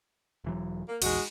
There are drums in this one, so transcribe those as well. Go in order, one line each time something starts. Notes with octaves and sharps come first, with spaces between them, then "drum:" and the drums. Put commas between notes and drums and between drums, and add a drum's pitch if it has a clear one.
E1 E3 F#3
A#3
A#1 E2 G#3 D#4 F#4, drum: cymbal